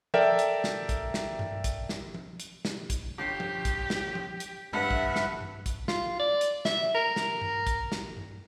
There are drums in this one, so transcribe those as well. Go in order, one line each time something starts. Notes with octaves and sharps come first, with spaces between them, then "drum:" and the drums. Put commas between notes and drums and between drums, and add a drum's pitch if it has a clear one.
A4 A#4 D5 E5 G5, drum: tom F3
drum: hi-hat
drum: snare
drum: kick, hi-hat
drum: snare
drum: tom G2
drum: kick, hi-hat
drum: snare
drum: tom F3
drum: hi-hat
drum: snare
drum: kick, hi-hat
G1 G4 C7
drum: tom F3
drum: kick, hi-hat
drum: snare
drum: tom F3
drum: hi-hat
G2 B4 E5 F#5
drum: kick
drum: snare
drum: tom G2
drum: kick, hi-hat
F4, drum: snare
D5
drum: hi-hat
E5, drum: snare
A#4
drum: snare
drum: tom G2
drum: kick, hi-hat
drum: snare
drum: tom G2